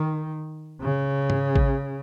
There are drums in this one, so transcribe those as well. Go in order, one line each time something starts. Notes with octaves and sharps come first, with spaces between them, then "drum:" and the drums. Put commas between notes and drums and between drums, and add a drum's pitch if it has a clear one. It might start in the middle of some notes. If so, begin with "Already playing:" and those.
Already playing: D#3
C#3
drum: tom G#2
drum: kick A1